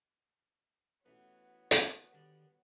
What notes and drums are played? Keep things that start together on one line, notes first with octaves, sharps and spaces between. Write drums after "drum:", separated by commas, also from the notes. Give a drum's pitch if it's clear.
A1 E3 B3 F#4 C#5
drum: hi-hat
D3 D#3 G3 D5